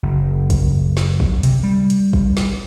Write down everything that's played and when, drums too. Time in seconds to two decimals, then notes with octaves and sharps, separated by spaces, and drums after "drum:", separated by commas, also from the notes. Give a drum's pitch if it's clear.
0.03 F#1
0.50 drum: kick, hi-hat
0.97 drum: snare
1.20 drum: kick
1.43 C3, drum: hi-hat
1.63 G3
1.90 drum: hi-hat
2.13 drum: kick
2.37 drum: snare